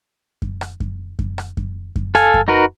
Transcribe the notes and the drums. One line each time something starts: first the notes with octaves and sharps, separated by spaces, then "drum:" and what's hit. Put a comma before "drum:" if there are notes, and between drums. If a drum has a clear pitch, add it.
drum: kick F#2
drum: rim click
drum: kick F#2
drum: kick F#2
drum: rim click
drum: kick F#2
drum: kick F#2
A4 F5 G#5, drum: rim click
drum: kick F#2
D#4 F#4 A#4 B4